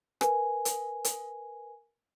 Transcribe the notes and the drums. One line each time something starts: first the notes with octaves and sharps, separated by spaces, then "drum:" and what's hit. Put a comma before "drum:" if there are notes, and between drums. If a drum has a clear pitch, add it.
A#4 B4 G#5, drum: rim click
drum: hi-hat
drum: hi-hat